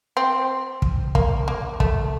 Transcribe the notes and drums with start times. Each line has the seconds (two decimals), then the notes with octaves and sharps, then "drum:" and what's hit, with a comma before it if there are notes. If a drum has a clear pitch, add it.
0.17 C4
0.82 drum: kick
1.15 A#3, drum: kick
1.48 A#3
1.80 A3, drum: kick